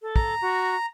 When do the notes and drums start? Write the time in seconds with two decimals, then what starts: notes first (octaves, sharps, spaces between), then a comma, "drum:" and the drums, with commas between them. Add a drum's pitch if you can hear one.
0.02 A4
0.16 A#5, drum: kick
0.41 F#4